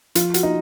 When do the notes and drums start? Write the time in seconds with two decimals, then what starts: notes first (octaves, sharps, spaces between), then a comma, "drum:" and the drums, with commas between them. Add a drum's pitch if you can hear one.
0.15 F3 F4, drum: hi-hat
0.34 F#4, drum: hi-hat
0.43 D#4